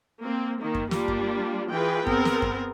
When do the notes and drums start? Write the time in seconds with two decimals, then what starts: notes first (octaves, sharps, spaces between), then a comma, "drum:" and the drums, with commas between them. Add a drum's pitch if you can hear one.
0.24 A#3 C4
0.60 D#3 A#3
0.75 drum: kick F#2
0.91 G3 A#3 D4 F4, drum: snare
1.08 drum: kick F#2
1.72 E3 F4 G#4 B4 G5
2.07 B3 C4 G#4 A#4, drum: kick F#2
2.25 drum: snare
2.42 drum: kick F#2